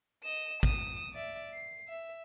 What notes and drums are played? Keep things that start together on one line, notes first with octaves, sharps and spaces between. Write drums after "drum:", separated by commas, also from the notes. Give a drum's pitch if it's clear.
D#5 E7
D#6 E7, drum: kick
D5 E5
C7
E5